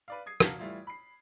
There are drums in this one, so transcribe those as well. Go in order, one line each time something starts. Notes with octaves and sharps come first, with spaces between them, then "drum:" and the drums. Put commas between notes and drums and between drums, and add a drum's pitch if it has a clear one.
B4 D5 F5
D#6 G#6 C7
F#4 A#4 F5 F#5 A5, drum: rim click
E3 G3 A3 E4 F4
B5 C7